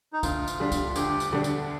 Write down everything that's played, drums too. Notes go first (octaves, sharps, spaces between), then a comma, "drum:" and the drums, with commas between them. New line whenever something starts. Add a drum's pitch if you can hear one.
D#4
D2 F4, drum: kick, tambourine
drum: tambourine
D3 G3 D4
drum: kick, tambourine
D2 G4, drum: tambourine
drum: tambourine
D3 G3 D4
drum: tambourine